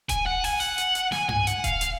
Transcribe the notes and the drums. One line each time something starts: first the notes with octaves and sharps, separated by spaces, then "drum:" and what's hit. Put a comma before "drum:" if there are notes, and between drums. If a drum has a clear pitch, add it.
G#5, drum: kick D#1, hi-hat
F#5
G#5, drum: open hi-hat
F#5, drum: open hi-hat
drum: hi-hat
drum: hi-hat
G#5, drum: snare
G#5, drum: tom G2
F#5, drum: hi-hat
F5, drum: kick D#1, hi-hat
drum: hi-hat